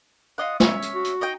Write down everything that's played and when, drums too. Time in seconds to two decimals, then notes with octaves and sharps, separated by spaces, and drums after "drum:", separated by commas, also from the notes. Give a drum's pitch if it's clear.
0.38 F4 D#5 F#5
0.60 C#4 C#5 E5, drum: snare
0.82 drum: hi-hat
0.95 F#4
1.04 drum: hi-hat
1.21 D#4 D#5 G5